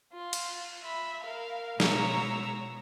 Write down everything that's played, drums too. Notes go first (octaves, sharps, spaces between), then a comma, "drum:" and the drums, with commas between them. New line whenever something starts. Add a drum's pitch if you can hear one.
F4
drum: cymbal
E5 B5
A#4 F5
B2 G#3 C#5 A#5 E6, drum: snare